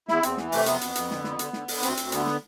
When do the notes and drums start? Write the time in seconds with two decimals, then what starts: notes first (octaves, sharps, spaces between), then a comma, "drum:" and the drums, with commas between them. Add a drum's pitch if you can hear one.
0.08 E2 E4, drum: snare
0.23 E2 C4, drum: hi-hat
0.38 E3, drum: snare
0.52 C3 A3, drum: open hi-hat
0.66 F2 B3, drum: hi-hat
0.81 F2, drum: hi-hat
0.95 F2, drum: hi-hat
1.11 D3, drum: snare
1.24 F2, drum: snare
1.39 D3, drum: hi-hat
1.53 D3, drum: snare
1.68 D3, drum: open hi-hat
1.83 D2 C4, drum: hi-hat
1.97 D2, drum: hi-hat
2.12 D3 B3, drum: hi-hat
2.27 drum: snare